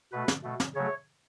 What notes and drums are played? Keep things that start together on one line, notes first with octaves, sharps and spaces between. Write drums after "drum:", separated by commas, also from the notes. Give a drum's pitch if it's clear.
B2 A3 B4
drum: snare
B2 A3
drum: snare
C#3 F#3 A3 C#5